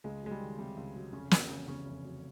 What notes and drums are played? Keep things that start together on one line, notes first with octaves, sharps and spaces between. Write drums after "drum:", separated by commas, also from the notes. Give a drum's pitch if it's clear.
C#2 G#3
F#3 G#3
G3
D#3
C3 G3
C#2
F#3
F1 C#3 C#4
F#3, drum: snare
C#3
E2 C#3 C#4
F1
F#3